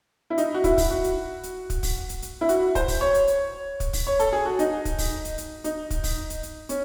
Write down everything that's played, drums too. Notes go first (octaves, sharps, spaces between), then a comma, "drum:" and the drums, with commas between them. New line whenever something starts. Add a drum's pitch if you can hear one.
E4
D#4, drum: hi-hat
F#4
E4, drum: kick, hi-hat
drum: kick, open hi-hat
F#4
drum: hi-hat
drum: hi-hat
drum: kick, hi-hat
drum: kick, open hi-hat
drum: hi-hat
drum: hi-hat
E4
F#4, drum: hi-hat
C5, drum: kick, hi-hat
drum: kick, open hi-hat
C#5
drum: hi-hat
drum: hi-hat
drum: kick, hi-hat
drum: kick, open hi-hat
C#5
A4, drum: hi-hat
G#4
F#4
D#4, drum: hi-hat
drum: kick, hi-hat
drum: kick, open hi-hat
drum: hi-hat
drum: hi-hat
D#4, drum: hi-hat
drum: kick, hi-hat
drum: kick, open hi-hat
drum: hi-hat
drum: hi-hat
C#4, drum: hi-hat